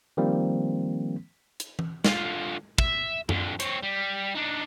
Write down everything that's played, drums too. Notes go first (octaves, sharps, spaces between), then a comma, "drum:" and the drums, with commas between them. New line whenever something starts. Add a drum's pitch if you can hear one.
D#3 F3 G3 A#3 C4
drum: hi-hat
drum: tom E3
D3 F4, drum: snare
E5, drum: kick
F2 D3, drum: tom F#2
C4 C#5, drum: hi-hat
G3
D4 D#4